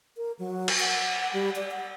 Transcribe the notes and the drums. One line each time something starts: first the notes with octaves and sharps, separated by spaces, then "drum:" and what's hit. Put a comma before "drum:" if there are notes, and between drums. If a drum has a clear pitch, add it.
A#4
F#3
drum: cymbal
F#5
G3
D5
F#5